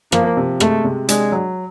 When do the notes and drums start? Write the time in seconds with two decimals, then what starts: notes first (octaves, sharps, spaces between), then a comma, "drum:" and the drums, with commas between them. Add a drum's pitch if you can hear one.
0.12 F3 A#3, drum: rim click
0.37 C3
0.60 G#3 A3, drum: rim click
0.84 C3
1.09 G#3 D4, drum: hi-hat
1.32 F#3